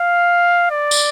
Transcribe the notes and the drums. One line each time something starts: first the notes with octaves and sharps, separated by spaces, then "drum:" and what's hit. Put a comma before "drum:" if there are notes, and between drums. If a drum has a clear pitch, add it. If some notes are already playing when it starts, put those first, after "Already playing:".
Already playing: F5
D5
drum: tambourine